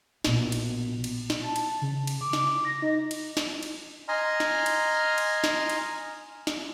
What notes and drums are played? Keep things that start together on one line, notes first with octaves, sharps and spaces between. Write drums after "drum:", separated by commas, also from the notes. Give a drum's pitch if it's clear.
A#1 B2, drum: snare
drum: cymbal
drum: cymbal
drum: snare
A5
drum: cymbal
C#3
drum: cymbal
D6
drum: snare
A#6
D#4
drum: cymbal
drum: snare
drum: cymbal
D#5 G#5 A#5 C6 F6
drum: snare
drum: cymbal
drum: cymbal
drum: snare
drum: cymbal
drum: snare